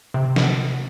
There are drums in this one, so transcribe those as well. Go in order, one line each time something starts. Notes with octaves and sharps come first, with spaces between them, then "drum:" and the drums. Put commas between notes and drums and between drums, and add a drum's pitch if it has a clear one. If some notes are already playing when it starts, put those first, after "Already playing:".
C3
drum: snare